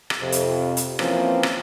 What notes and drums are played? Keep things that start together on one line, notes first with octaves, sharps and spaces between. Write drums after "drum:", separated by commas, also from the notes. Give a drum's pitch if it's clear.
drum: rim click
F2 C3
drum: hi-hat
drum: hi-hat
E3 F3 A#3 C4 C#4, drum: rim click
drum: rim click